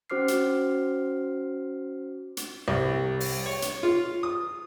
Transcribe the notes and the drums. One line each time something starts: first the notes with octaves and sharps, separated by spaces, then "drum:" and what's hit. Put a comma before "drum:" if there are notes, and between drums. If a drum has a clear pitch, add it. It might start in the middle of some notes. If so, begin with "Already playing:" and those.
C#4 F#4 C5 D6 F6 C7
drum: hi-hat
drum: hi-hat
C2
drum: open hi-hat
C#5
drum: hi-hat
F4
D#6